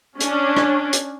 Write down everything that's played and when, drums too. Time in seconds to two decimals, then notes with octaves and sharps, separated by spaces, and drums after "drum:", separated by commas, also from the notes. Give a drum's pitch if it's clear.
0.20 C#4 D4, drum: hi-hat
0.57 drum: rim click
0.93 drum: hi-hat